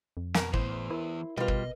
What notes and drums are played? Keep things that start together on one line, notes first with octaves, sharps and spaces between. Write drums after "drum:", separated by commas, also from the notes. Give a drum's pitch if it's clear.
F2
B2 A#4, drum: snare
A2 E3 B3 C5, drum: kick
E4 A#4
B2 G3 F4 A#4 B4 D#5
drum: kick